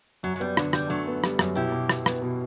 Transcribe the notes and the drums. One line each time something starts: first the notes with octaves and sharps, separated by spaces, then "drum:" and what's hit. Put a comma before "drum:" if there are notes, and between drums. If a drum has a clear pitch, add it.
F#2 F#3
F#3
G3 B3
D3 F#3, drum: rim click
D3 G3, drum: rim click
D3 F#3 A3
B3
G3, drum: rim click
F#2, drum: rim click
B2 E4 G4
B2
B2, drum: rim click
B3, drum: rim click
B2